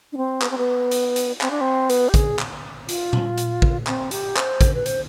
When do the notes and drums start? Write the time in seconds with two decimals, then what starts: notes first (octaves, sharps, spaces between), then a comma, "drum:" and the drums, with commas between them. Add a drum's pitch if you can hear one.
0.13 D4
0.17 C4
0.42 B3, drum: clap
0.51 C4
0.58 B3
0.91 drum: hi-hat
1.16 drum: hi-hat
1.41 C4, drum: clap
1.51 D4
1.61 C4
1.90 B3, drum: hi-hat
2.09 G4
2.14 G#4, drum: kick, hi-hat
2.39 drum: clap
2.89 F4, drum: hi-hat
3.13 drum: tom A#2
3.38 drum: hi-hat
3.62 drum: kick
3.87 C4, drum: clap
4.11 G4, drum: hi-hat
4.37 C5, drum: clap
4.61 drum: kick, hi-hat
4.74 B4
4.86 C5, drum: hi-hat